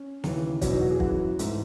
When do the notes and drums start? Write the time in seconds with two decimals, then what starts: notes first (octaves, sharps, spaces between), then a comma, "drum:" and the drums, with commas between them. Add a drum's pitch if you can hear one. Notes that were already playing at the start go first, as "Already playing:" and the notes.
Already playing: C#4
0.24 D#2 C#3 E3, drum: snare
0.61 E2 B2 F#3 C#4, drum: kick, hi-hat
0.72 D#4
0.81 F#4
0.91 G#4
1.00 F#2 E3 F#4, drum: kick
1.39 G#2 E3 A3, drum: hi-hat